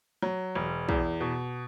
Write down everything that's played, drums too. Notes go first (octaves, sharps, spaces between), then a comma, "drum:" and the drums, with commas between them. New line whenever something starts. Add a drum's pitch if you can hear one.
F#3
E1
E2, drum: kick
B2